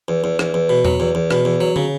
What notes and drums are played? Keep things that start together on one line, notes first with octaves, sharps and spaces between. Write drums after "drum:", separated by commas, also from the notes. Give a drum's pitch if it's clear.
E2
E2
E2, drum: rim click
E2
B2
F#3, drum: tom E2
E2
E2
B2, drum: rim click
E2
F#3
C#3, drum: tom